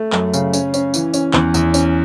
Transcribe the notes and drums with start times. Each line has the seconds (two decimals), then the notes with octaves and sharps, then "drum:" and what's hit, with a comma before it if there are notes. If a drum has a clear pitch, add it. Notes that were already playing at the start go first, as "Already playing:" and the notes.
Already playing: A3
0.12 F#2, drum: clap
0.34 C#3, drum: tambourine
0.53 C#4, drum: tambourine
0.74 C#4, drum: tambourine
0.94 E3, drum: tambourine
1.14 C#4, drum: tambourine
1.33 E2, drum: clap
1.54 E2, drum: tambourine
1.74 C#4, drum: tambourine